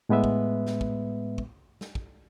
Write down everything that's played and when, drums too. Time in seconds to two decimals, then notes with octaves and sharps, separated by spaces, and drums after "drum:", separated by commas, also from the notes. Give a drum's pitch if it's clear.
0.09 A2 G#3 B3 B4 E5
0.24 drum: kick
0.67 drum: snare
0.81 drum: kick
1.38 drum: kick
1.81 drum: snare
1.95 drum: kick